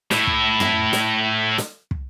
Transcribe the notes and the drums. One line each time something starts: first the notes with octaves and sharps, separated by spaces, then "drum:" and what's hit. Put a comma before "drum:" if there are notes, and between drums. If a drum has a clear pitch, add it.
A2 E4, drum: snare
drum: kick
drum: tom
drum: snare
drum: snare
drum: kick